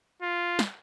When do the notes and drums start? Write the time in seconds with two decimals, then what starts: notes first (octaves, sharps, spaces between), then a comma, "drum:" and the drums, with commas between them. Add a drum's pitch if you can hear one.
0.23 F4
0.59 drum: snare